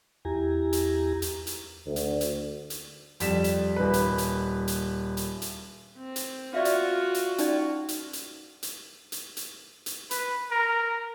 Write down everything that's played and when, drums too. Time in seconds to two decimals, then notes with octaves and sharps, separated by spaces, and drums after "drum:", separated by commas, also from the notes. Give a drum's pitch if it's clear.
0.25 E2 E4 G4 G#5 A#5
0.73 drum: hi-hat
1.22 drum: hi-hat
1.47 drum: hi-hat
1.87 D2
1.96 drum: hi-hat
2.21 drum: hi-hat
2.70 drum: hi-hat
3.20 F2 G3 B6 E7, drum: hi-hat
3.44 drum: hi-hat
3.76 D#1 B4
3.94 drum: hi-hat
4.18 drum: hi-hat
4.68 drum: hi-hat
5.17 drum: hi-hat
5.42 drum: hi-hat
5.98 C4
6.16 drum: hi-hat
6.54 F4 F#4 D5 E5 F5
6.65 drum: hi-hat
7.14 drum: hi-hat
7.38 C#4 D#4 D5, drum: hi-hat
7.89 drum: hi-hat
8.13 drum: hi-hat
8.63 drum: hi-hat
9.12 drum: hi-hat
9.37 drum: hi-hat
9.86 drum: hi-hat
10.11 B4, drum: hi-hat
10.51 A#4